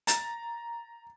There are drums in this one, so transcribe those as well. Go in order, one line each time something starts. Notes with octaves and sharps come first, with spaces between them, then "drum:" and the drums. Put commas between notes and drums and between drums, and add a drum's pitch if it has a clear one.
A#5 A6, drum: hi-hat